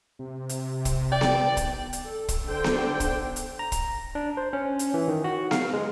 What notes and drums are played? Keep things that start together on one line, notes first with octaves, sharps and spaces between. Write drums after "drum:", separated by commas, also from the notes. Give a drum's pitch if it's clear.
C3
drum: hi-hat
drum: kick, hi-hat
D5 G5
drum: snare B3
drum: kick, hi-hat
drum: hi-hat
A4
drum: kick, hi-hat
D3 D4 C5 G5
drum: snare B3
drum: kick, hi-hat
drum: hi-hat
A#5
drum: kick, hi-hat
D4
C5
C#4
drum: hi-hat
E3
D#3
F#4
F5, drum: snare B3
G#3